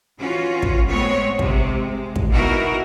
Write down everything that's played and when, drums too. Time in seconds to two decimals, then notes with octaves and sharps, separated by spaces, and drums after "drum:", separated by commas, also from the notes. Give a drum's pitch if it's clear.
0.19 E3 C#4 F4 F#4
0.62 drum: kick
0.88 A2 G#3 B3 C4 C#5
1.39 C3 G#3, drum: kick
1.84 G#3
2.16 drum: kick
2.31 B2 D#4 E4 F#4 A#4